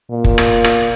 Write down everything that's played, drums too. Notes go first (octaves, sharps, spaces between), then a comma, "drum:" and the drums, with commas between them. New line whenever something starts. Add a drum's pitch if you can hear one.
A#2
drum: kick
drum: rim click
drum: rim click